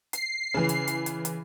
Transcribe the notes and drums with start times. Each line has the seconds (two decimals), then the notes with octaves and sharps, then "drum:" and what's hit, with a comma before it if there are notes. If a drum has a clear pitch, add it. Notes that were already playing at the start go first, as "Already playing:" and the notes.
0.13 C7, drum: hi-hat
0.54 C#3 E3
0.69 drum: hi-hat
0.88 drum: hi-hat
1.06 drum: hi-hat
1.25 drum: hi-hat